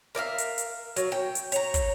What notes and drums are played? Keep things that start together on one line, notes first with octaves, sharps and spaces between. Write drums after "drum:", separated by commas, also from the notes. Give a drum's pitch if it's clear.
A#4 D5 E5 F5
drum: hi-hat
drum: hi-hat
F#3, drum: hi-hat
G5
drum: hi-hat
C#5 A#5, drum: hi-hat
drum: kick, hi-hat